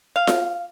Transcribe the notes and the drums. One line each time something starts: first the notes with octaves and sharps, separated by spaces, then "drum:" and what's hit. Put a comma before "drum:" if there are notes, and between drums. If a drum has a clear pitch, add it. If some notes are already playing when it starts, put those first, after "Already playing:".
F5
drum: snare F4